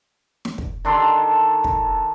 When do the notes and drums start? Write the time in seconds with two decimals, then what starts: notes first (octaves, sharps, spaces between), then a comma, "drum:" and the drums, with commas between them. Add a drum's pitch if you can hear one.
0.45 drum: snare
0.58 drum: kick
0.85 D#3 D4 A4 C6
1.64 drum: kick